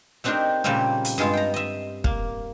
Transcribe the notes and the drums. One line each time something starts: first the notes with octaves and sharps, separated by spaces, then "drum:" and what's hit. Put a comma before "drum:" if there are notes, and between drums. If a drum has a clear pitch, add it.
A3 C4 D4 D#4 G4 A#4
A#2 C#3 G3 A3 A#3 C4
drum: hi-hat
G2 G#3 F4 G#4 A4
G5 A#5
D#5 E5
A#3, drum: kick